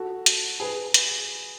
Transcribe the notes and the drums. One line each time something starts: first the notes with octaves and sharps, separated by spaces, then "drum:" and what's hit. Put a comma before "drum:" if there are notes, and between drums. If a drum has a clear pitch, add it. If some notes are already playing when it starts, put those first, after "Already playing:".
Already playing: F#4 A4
drum: hi-hat
G#4 B4
drum: hi-hat